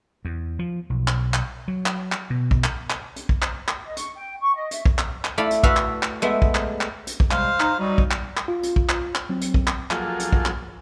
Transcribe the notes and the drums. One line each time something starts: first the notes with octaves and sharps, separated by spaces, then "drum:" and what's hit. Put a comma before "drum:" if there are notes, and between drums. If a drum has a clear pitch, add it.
E2
F3
B1
drum: clap
drum: clap
F#3
drum: clap
drum: clap
B2
drum: kick
drum: clap
drum: clap
drum: hi-hat
drum: kick
drum: clap
drum: clap
D#5
C#6, drum: hi-hat
G5
C#6
D#5
E5, drum: hi-hat
drum: kick
drum: clap
drum: clap
A3 E4 D5 F5 B5
drum: hi-hat
F#4 A4 B4 E5 F5, drum: kick
drum: clap
drum: clap
G#3 A3 B3 E5
drum: kick
drum: clap
drum: clap
drum: hi-hat
drum: kick
C3 G3 G#3 C5 F5, drum: clap
D#4, drum: clap
F#3 G3 D#4
drum: kick
drum: clap
drum: clap
F4
drum: hi-hat
drum: kick
drum: clap
drum: clap
F#3 C4
drum: hi-hat
drum: kick
drum: clap
F3 F#3 A#3 F4 G#4 A4, drum: clap
drum: hi-hat
drum: kick
drum: clap